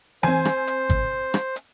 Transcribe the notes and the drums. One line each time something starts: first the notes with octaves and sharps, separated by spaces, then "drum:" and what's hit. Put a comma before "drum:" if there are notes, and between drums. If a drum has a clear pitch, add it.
C4 C5 G#5, drum: tom E3
drum: rim click
drum: hi-hat
drum: kick, hi-hat
drum: rim click
drum: hi-hat